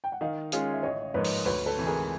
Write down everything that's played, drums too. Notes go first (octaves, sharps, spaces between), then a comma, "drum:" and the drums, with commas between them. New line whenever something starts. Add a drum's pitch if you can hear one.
G5
F#5
D#3 D#5 F5
G#3 C#4 F4 G#4, drum: hi-hat
E5
A1 C#5 D#5
G#2 F3 A#3 D#4 B4 C#5
drum: open hi-hat
D2 B4 C#5
A4 B4
C3 E3
G#4 A#4